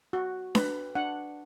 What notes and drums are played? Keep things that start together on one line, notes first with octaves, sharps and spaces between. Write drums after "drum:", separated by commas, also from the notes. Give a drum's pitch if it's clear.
F#4
B4, drum: snare D4
D4 F#5